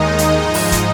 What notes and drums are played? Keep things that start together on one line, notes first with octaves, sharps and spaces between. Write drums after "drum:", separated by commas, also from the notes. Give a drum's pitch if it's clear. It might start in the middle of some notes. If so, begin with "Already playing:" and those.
Already playing: D#2 D#3 G#3 D#4 D#5
drum: hi-hat
G#2 F3 G#3
drum: open hi-hat
drum: kick, hi-hat